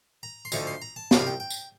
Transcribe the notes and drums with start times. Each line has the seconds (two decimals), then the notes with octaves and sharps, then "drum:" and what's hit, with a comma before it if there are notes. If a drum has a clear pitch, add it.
0.23 A#5
0.45 C6
0.52 D2 D3 F3 A3 D#4 A#5, drum: tambourine
0.67 C6
0.82 A#5
0.96 A5
1.11 C2 C3 F3 G5, drum: snare
1.19 F5
1.27 G5
1.40 G5
1.50 drum: tambourine